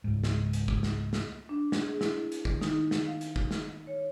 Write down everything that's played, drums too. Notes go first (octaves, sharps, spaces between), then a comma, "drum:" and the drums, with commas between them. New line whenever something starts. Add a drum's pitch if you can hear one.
C#2 G#2
drum: snare
drum: hi-hat
drum: kick
drum: snare
drum: snare
D4
drum: snare
G#4
E4, drum: snare
drum: hi-hat
D#3, drum: kick
D#4, drum: snare
drum: snare
F5
drum: hi-hat
drum: kick
drum: snare
C#5